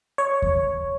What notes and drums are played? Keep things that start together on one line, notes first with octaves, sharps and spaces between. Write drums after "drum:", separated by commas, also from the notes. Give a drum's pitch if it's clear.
C#5
drum: kick D#2